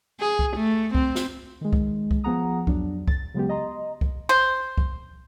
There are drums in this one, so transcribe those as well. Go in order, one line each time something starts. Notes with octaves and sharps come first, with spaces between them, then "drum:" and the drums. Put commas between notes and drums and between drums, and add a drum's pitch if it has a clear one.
G#4
drum: kick
A3
C4, drum: kick
drum: snare
D#3 G#3
drum: kick
drum: kick
F3 B3 G#4 F#5 A#5 D#6
F2 F#3 D4, drum: kick
A6, drum: kick
C#3 F#3 G#3 B3 G4
D#5 A#5 C6
drum: kick
C5
drum: kick